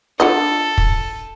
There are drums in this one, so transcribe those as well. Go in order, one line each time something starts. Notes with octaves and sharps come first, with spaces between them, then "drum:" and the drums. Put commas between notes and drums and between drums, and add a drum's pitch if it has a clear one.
D3 F4 A4 D#5
drum: kick